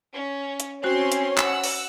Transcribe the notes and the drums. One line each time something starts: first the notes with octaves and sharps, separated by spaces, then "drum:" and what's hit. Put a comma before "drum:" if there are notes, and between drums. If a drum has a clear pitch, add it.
C#4
drum: hi-hat
C4 C#4 F#4 C5 C6
drum: hi-hat
F#5 E6, drum: clap
drum: open hi-hat